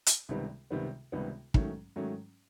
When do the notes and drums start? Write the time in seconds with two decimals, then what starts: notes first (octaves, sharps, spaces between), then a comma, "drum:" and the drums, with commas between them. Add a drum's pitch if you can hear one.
0.06 drum: hi-hat
0.29 C#2 C3 D#3 G3 B3
0.70 C#2 C3 D#3 G3 B3
1.12 C#2 C3 D#3 G3 B3
1.54 G#2 D#3 F#3 A3 C#4, drum: kick
1.96 G#2 D#3 F#3 A3 C#4